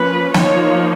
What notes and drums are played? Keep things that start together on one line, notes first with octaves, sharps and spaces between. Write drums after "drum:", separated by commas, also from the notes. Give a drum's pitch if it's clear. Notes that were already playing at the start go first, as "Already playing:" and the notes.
Already playing: F3 A#3 C#4 B4
F3 A#3 D#4 C#5, drum: snare